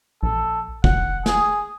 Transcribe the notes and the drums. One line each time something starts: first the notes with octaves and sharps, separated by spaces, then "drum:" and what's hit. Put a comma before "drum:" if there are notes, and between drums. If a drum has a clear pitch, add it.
A#1 A4
E1 F#5, drum: kick
G#4, drum: snare